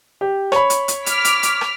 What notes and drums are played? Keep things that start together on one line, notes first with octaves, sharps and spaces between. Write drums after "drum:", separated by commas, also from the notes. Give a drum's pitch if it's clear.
G4
C#5 B5, drum: rim click
drum: hi-hat
drum: hi-hat
D6 F6 B6, drum: hi-hat
drum: hi-hat
drum: hi-hat
drum: rim click